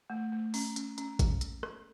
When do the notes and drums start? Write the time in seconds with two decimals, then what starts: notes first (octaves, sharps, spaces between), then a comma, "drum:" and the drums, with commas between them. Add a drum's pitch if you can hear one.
0.10 A3
0.32 A3
0.54 C#4, drum: open hi-hat
0.76 C#4, drum: hi-hat
0.98 C#4, drum: hi-hat
1.19 drum: kick G#1, hi-hat
1.41 drum: hi-hat
1.63 drum: rim click